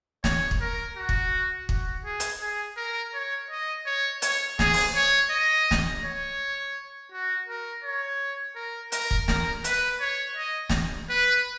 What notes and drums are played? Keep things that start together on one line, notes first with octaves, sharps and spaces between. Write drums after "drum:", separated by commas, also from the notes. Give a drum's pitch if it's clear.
C#5, drum: snare
drum: kick
A#4
F#4
drum: kick
F#4, drum: kick
G#4
drum: hi-hat
G#4
A#4
C#5
D#5
C#5
C#5, drum: hi-hat
G#4, drum: snare
drum: open hi-hat
C#5
D#5
drum: snare
C#5
F#4
A#4
C#5
A#4
A#4, drum: hi-hat
drum: kick
A#4, drum: snare
B4, drum: hi-hat
C#5
D#5
drum: snare
B4